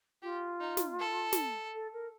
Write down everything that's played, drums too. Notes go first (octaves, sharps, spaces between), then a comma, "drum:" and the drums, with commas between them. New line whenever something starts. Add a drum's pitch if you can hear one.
F4 G4
D#4
drum: snare
A4
drum: snare
A4
A#4